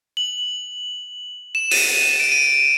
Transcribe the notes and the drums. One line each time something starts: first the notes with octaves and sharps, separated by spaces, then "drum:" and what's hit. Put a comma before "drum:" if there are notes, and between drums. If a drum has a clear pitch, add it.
F#7
E7
D#7, drum: open hi-hat
D7
D#7